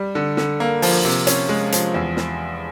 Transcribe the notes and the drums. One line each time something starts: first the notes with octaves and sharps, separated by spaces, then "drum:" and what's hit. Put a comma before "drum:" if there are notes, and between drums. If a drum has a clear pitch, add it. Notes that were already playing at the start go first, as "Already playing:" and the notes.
Already playing: G3
D3
D3, drum: snare
A#3
F3, drum: open hi-hat
C3
C#4, drum: hi-hat
G#3
F3, drum: hi-hat
E2
drum: snare